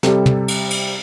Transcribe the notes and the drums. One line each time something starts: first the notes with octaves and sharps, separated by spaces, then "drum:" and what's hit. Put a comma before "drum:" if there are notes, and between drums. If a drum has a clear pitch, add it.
C3 G3 A4, drum: snare
drum: tom
drum: cymbal
drum: cymbal